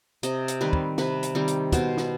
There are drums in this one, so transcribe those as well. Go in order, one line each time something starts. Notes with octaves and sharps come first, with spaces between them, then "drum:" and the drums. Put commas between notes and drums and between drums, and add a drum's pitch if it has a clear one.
C3 D#5, drum: hi-hat
drum: hi-hat
D#3 G3 C4 B4
drum: kick
C3 B4, drum: snare
drum: hi-hat
D#3 G3 C4
drum: hi-hat
B2 C5, drum: kick, hi-hat
drum: snare